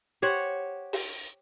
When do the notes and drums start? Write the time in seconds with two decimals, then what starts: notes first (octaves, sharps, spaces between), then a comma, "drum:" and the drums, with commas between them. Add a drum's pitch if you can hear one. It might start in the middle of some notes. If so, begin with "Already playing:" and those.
0.22 G4 C5 C#5 F#5
0.93 drum: open hi-hat